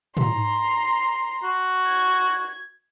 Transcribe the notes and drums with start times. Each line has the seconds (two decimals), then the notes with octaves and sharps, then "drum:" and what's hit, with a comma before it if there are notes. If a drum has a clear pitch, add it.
0.17 A#5 C6, drum: tom
1.44 F#4
1.86 G#6